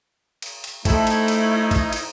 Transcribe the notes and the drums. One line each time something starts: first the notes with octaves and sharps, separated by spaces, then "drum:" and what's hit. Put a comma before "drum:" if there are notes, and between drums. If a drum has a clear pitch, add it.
drum: cymbal
drum: cymbal
A3 C4 D#4 E4 A4 B5, drum: kick, cymbal
drum: cymbal
drum: cymbal
drum: kick, cymbal
drum: cymbal